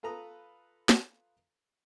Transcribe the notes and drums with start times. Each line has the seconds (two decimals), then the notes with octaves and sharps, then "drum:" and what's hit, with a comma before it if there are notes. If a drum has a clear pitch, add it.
0.03 F4 A4 B4 A#5 D#6
0.89 drum: snare